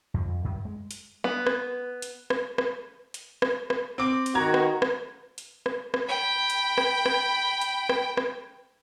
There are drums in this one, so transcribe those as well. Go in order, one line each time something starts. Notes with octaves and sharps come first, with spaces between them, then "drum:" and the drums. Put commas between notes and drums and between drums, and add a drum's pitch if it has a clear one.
F2
F#2
G#3
drum: hi-hat
B3
drum: rim click
drum: hi-hat
drum: rim click
drum: rim click
drum: hi-hat
drum: rim click
drum: rim click
C4 D6 D7
drum: hi-hat
D#3 F#4 A#5 G#6
drum: rim click
drum: rim click
drum: hi-hat
drum: rim click
drum: rim click
G5 B5
drum: hi-hat
drum: rim click
drum: rim click
drum: hi-hat
drum: rim click
drum: rim click